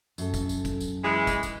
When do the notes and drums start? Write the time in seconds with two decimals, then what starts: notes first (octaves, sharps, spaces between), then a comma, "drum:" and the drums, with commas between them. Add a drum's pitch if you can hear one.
0.18 F#2 A4, drum: tambourine
0.34 drum: kick, tambourine
0.49 drum: tambourine
0.65 drum: kick, tambourine
0.80 drum: tambourine
1.03 E3 G#3
1.27 drum: kick, tambourine
1.43 drum: tambourine